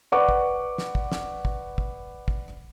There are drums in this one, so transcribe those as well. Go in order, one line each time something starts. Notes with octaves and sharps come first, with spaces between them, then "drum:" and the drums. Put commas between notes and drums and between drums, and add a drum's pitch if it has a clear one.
B4 D5 F#5 C#6 D6
drum: kick
drum: snare
drum: kick
drum: snare
drum: kick
drum: kick
drum: kick